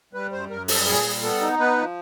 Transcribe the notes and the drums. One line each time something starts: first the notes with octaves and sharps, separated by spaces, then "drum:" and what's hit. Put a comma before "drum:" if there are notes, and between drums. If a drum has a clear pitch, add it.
G3 B4
F#2 C5
F#2 A#4
G3 A4, drum: open hi-hat
A#2 G#4
G3
B3 A4
D#4
B3 B4
F3